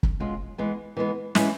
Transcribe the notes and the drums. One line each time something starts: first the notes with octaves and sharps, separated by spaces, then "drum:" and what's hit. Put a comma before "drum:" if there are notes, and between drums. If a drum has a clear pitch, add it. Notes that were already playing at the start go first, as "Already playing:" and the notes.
drum: kick
B2 G#3 C#4 F4
E3 G#3 B3
E3 G#3 B3
E3 G#3 C#4 E4, drum: snare